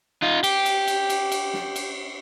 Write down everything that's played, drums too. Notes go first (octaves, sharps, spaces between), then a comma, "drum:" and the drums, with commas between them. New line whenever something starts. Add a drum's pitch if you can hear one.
D#4 F4
G4, drum: cymbal
drum: cymbal
drum: cymbal
drum: cymbal
drum: cymbal
drum: snare
drum: cymbal